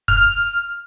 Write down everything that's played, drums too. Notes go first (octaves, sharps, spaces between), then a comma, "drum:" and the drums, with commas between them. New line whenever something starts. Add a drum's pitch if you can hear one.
F6, drum: kick